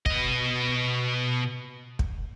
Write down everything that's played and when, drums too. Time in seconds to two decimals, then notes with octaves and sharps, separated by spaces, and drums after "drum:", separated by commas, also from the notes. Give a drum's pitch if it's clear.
0.06 B2 D#5, drum: kick
1.99 drum: kick